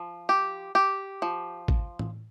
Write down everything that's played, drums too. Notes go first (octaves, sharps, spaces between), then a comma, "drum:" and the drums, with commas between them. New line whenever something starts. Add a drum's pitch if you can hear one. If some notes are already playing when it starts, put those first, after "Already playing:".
Already playing: F3
G4
G4
F3
drum: kick G#1
drum: tom A2